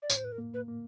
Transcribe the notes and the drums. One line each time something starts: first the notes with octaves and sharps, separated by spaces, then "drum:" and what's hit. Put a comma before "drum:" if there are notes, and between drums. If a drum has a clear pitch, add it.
D5
A2 C#5, drum: tambourine
C5
B4
A#4
A#3
B4
A#3